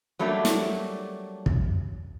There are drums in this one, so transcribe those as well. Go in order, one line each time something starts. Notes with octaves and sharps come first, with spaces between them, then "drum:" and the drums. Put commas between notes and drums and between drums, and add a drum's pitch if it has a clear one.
F#3 G3 A3 A#3 D4
drum: snare
drum: kick